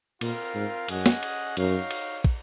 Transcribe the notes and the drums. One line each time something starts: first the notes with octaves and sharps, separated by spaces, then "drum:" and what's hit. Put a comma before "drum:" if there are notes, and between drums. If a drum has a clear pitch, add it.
A#2 C4 F4 A#4 F5, drum: cymbal
G#2
F#2 C#4 G#4 D#5 F#5, drum: cymbal
drum: snare
drum: cymbal
F#2 D#4 F#4 C#5 F5, drum: cymbal
drum: cymbal
drum: kick